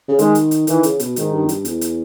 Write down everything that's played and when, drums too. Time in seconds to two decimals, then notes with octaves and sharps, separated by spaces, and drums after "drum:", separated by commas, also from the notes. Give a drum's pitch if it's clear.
0.08 C#3
0.19 D#3 G#3, drum: hi-hat
0.35 drum: hi-hat
0.51 drum: hi-hat
0.67 D#3 E3, drum: hi-hat
0.83 C#3, drum: hi-hat
1.00 B2, drum: hi-hat
1.16 G#2 D#3, drum: hi-hat
1.33 G2
1.45 E2
1.49 G2, drum: hi-hat
1.65 E2, drum: hi-hat
1.81 drum: hi-hat